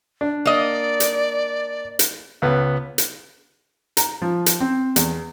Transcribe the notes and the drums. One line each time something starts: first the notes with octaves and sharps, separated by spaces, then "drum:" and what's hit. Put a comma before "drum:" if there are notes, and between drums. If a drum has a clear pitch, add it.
D4
A#3 D5 D#5
drum: hi-hat
drum: hi-hat
C#2 B3
drum: hi-hat
A#5, drum: hi-hat
F3
drum: hi-hat
C4
E2, drum: hi-hat